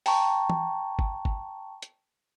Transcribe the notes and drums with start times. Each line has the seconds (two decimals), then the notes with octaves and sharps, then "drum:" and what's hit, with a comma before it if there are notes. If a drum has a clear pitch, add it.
0.06 G5 A5 A#5 C#6, drum: open hi-hat
0.50 drum: tom
0.99 drum: kick
1.25 drum: kick
1.82 drum: hi-hat